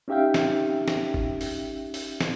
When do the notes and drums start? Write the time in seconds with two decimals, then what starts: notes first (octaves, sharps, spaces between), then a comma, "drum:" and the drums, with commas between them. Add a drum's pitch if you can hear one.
0.08 C#4 D#4 G4 E5 F5 G5
0.34 drum: snare
0.88 drum: snare
1.14 drum: kick F#1
1.41 drum: open hi-hat
1.94 drum: open hi-hat
2.21 drum: snare